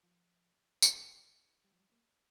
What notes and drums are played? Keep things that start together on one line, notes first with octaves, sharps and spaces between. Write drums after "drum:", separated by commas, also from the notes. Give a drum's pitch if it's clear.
F3
drum: tambourine
G3
F3
G3
A#3